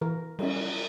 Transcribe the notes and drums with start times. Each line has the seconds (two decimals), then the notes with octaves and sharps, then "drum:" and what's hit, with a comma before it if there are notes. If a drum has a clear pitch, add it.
0.01 E3 A#4
0.39 G3 C#4, drum: cymbal